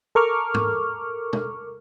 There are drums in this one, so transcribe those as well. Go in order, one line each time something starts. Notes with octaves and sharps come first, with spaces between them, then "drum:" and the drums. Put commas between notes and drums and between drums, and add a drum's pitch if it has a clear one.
A4 A#4 C#6 D6 F6
drum: tom G#2
drum: tom